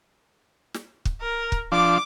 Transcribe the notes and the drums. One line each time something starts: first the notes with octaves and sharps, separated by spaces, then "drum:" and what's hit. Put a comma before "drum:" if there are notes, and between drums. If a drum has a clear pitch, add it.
drum: snare
drum: kick
A#4
drum: kick
F3 D4 D6